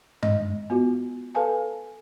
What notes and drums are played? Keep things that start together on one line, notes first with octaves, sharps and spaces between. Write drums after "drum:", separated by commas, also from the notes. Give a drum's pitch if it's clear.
G#3 D#5, drum: tom G2
B3 F4 F#4
A4 B4 F5 G#5 A5